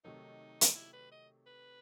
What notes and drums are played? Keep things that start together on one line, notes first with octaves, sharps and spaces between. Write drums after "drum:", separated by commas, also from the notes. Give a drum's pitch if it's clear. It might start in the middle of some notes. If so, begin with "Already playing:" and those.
C3 D#3 F#3 A3 D#4
drum: hi-hat
E4
B4
D#5
B4